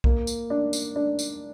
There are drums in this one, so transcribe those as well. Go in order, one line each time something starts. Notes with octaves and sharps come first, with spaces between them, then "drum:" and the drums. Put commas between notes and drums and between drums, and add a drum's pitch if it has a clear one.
A#3, drum: kick B1
drum: tambourine
D4
drum: tambourine
D4
drum: tambourine